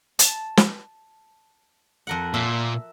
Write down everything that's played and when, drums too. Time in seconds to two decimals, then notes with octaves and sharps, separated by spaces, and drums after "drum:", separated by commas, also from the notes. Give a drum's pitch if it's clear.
0.19 A5, drum: hi-hat
0.57 drum: snare
2.07 F2 A#4 F#5
2.34 A#2 E5